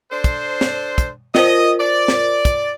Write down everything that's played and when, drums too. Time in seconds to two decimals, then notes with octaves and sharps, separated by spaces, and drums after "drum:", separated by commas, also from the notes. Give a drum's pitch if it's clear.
0.12 D4 A4 C5
0.24 drum: kick, hi-hat
0.61 drum: snare
0.98 drum: kick, hi-hat
1.35 F4 A#4 C5 D#5, drum: snare
1.80 D5
2.08 drum: snare
2.45 drum: kick, hi-hat